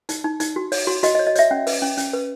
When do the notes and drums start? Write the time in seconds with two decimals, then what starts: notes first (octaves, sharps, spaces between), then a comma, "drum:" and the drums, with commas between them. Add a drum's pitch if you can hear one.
0.09 D#4, drum: hi-hat
0.24 D#4
0.40 D#4, drum: hi-hat
0.56 F#4
0.72 C#5, drum: open hi-hat
0.87 F#4
1.03 F#4 D#5, drum: hi-hat
1.15 D#5
1.19 C#5
1.27 D#5
1.35 C#5 E5, drum: hi-hat
1.51 C#4 F#5
1.67 B4, drum: open hi-hat
1.82 C#4
1.98 C#4, drum: hi-hat
2.13 B4